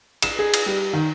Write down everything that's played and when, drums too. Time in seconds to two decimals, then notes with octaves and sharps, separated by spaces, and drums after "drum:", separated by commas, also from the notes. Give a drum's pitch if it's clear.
0.22 E7, drum: cymbal
0.39 G#4
0.54 drum: cymbal
0.66 G3
0.93 D#3